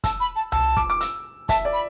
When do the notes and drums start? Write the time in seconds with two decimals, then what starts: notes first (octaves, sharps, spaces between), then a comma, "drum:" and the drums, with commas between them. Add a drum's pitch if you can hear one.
0.04 A5 E6, drum: kick, hi-hat
0.20 B5
0.36 A5
0.52 A5 E6, drum: tom C2
0.77 D6, drum: kick
0.90 D6
1.01 E6, drum: hi-hat
1.49 E5 A5, drum: kick, hi-hat
1.65 D5
1.73 B5